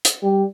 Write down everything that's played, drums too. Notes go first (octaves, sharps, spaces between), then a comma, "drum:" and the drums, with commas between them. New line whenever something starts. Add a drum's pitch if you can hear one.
drum: hi-hat
G3